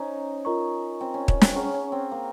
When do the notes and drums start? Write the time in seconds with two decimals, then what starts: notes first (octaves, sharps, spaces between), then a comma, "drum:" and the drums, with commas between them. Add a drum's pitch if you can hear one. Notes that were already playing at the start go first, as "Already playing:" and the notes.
Already playing: C#4 D#4 C5 D#5 A#5
0.45 F4 A#4 D#5 A#5 C#6
1.01 C4
1.14 C#4
1.28 C#4, drum: kick
1.41 C4, drum: snare
1.55 C#4 G#4 C#5 F#5 A#5 C#6
1.74 C#4
1.92 C4
2.11 A#3